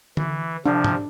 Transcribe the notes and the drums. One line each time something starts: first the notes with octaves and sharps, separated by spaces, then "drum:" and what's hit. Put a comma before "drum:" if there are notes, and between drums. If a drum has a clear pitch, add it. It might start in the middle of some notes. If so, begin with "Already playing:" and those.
E3, drum: tom D3
C3 F3 D4
drum: tom G#2